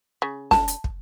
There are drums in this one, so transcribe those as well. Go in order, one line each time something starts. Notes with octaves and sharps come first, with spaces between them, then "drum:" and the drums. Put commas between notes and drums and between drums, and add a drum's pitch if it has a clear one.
C#3
A5, drum: snare
drum: hi-hat
drum: kick